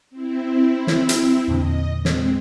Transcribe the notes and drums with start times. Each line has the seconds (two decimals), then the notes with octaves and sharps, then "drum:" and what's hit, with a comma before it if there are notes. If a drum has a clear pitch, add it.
0.10 C4 E4
0.87 drum: snare
1.09 drum: hi-hat
1.48 E2 A#2 D3 D#5
2.05 G#3 C4, drum: snare